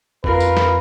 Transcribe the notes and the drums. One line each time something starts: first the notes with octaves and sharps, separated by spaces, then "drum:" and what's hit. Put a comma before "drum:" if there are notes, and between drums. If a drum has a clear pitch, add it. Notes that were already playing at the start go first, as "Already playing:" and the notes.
F2 F4 A#4 B4, drum: kick
drum: tambourine
drum: snare